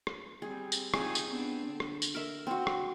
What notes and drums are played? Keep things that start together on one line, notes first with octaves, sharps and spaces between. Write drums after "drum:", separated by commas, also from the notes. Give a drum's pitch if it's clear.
drum: rim click
G3 C4 G#4
drum: tambourine
C4 D#4 F4 G#4, drum: rim click
drum: tambourine
B3 C4 D4
D3
drum: rim click
drum: tambourine
A#4 E5
C4 F#4
drum: rim click